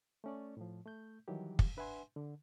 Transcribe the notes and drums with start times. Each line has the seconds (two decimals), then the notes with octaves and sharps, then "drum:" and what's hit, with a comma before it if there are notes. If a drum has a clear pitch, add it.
0.24 A3 C#4 D5
0.57 A2 F3
0.86 A3 G6
1.28 D#3 E3 F#3 G3 G4
1.59 drum: kick
1.77 D4 B4 E5 F#5 G#5 C6
2.16 D3